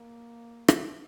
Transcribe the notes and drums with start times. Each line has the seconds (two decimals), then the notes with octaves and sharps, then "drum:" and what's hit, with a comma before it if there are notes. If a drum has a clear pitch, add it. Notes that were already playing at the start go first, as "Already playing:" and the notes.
Already playing: A#3
0.68 drum: rim click